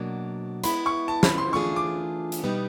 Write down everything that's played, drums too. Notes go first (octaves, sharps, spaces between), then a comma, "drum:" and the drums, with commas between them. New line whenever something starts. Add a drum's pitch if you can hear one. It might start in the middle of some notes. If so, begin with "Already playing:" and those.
Already playing: B2 F#3 A#3 D4
G#3 B3 E4 B5, drum: hi-hat
C#6
A5
B5, drum: snare
C6
E3 A3 D4 F4 G#4 C#6
D6
drum: hi-hat
B2 G3 B3 D#4 G4